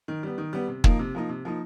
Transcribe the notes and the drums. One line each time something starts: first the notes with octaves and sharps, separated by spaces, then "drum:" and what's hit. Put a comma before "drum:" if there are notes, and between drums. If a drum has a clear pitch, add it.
D#3
G3 B3
D#3
G3 B3
C3
F3 A#3 D#4, drum: kick
C3
F3 A#3 D#4
C3
F3 A#3 D#4